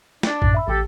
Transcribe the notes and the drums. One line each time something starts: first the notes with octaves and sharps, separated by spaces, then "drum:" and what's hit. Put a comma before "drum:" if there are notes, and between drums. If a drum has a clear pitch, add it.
D4, drum: snare
F#2 A2, drum: kick A1
E5 B5 E6
A1 G4 A4